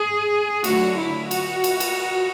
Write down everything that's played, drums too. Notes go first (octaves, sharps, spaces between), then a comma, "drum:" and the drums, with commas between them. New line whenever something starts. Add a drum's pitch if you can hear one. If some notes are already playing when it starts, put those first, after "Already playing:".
Already playing: G#4
D3 F#3 A3 F#4, drum: cymbal
E4
F#4, drum: cymbal
drum: cymbal
drum: cymbal